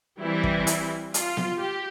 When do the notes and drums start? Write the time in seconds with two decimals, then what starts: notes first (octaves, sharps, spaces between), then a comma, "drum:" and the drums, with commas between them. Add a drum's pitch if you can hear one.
0.20 E3 G3 C4 E4
0.43 drum: kick
0.67 drum: hi-hat
1.14 F4, drum: hi-hat
1.37 drum: snare B3
1.60 G4